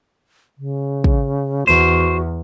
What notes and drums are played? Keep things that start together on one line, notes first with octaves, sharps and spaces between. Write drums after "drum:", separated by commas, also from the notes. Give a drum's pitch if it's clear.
C#3
drum: kick
E2 F#4 C5